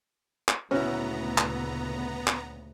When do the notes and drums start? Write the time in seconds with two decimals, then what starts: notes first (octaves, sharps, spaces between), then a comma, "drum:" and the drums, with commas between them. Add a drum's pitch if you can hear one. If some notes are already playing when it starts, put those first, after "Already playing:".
0.49 drum: clap
0.71 D2 A#2 C#3 B3 C#4 E4 F#4 A#5
1.38 drum: clap
2.28 drum: clap